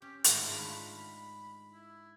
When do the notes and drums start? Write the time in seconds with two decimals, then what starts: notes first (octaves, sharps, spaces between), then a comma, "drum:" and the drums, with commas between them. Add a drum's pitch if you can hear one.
0.02 C#4 G4
0.24 G#2 D#3 A3 C#6, drum: hi-hat
0.50 D#3 D4 F4 B5
0.97 B5
1.72 E4